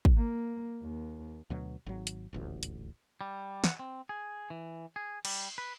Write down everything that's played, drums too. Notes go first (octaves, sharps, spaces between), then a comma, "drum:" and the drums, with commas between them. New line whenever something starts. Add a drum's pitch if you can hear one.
drum: kick
A#3
D#2
D2 B2 F#3
G#1 F#3
drum: hi-hat
D#1 A1 D2
drum: hi-hat
G3
F#5, drum: snare
C4
G#4
E3
G#4
G3, drum: cymbal
B4